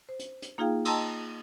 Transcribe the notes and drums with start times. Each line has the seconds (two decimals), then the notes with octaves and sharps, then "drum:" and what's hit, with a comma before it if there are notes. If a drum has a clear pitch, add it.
0.09 C5
0.19 drum: hi-hat
0.42 drum: hi-hat
0.58 A#3 D#4 F4 G#4 F5 G5
0.85 D#5 G5 A5 A#5 C6 E6, drum: cymbal